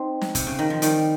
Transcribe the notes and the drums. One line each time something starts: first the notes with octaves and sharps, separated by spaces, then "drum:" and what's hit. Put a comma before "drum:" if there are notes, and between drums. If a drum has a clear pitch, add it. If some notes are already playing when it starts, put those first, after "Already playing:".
Already playing: C4 D#4
drum: snare
C3, drum: kick, hi-hat
C#3
D#3
F3
D#3 G3, drum: hi-hat